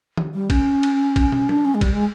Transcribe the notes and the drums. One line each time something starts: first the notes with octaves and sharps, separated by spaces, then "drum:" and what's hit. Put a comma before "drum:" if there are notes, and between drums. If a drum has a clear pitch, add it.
drum: tom D#3
G3
C#4, drum: kick, cymbal
drum: cymbal
drum: kick, cymbal
drum: tom
D4, drum: tom F#3
C#4
G#3
G3, drum: kick, cymbal
G#3